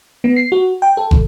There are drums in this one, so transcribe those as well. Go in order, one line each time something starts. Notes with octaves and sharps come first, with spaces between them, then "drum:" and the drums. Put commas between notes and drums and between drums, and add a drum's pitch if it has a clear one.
B3
C7
F#4
G5
A4
drum: kick